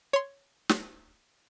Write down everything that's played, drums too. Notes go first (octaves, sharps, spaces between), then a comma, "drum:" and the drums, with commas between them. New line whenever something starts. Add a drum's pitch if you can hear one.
C#5 C6
drum: snare